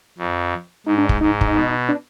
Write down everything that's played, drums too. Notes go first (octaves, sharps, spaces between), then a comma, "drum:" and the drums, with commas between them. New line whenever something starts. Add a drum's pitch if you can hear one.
F2
G#2 D#4
D4
D#4, drum: kick
G#2 D#4
D#4, drum: kick
B2
D4